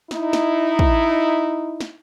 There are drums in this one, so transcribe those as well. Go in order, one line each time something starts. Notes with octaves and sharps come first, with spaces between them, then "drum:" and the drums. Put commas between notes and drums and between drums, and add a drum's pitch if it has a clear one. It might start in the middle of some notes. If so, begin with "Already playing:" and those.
D#4 E4, drum: snare
drum: snare
drum: kick
drum: snare